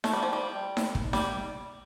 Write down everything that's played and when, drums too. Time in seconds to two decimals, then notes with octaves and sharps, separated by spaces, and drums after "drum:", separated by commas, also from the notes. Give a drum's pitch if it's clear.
0.04 A3, drum: snare D#4
0.13 G3
0.23 F3
0.33 G3
0.77 drum: snare D#4
0.95 drum: kick
1.13 G3, drum: snare D#4